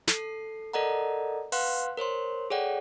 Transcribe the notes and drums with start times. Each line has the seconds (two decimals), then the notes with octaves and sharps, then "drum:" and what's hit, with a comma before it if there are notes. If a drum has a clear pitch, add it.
0.08 A4 C7, drum: snare
0.73 A4 A#4 D5 D#5 F#5 A#5
1.52 B4 F5 F#5 C6 F#6, drum: open hi-hat
1.97 A#4 C5 C#5 C6
2.50 G#4 A4 C#5 D5 F#5 G5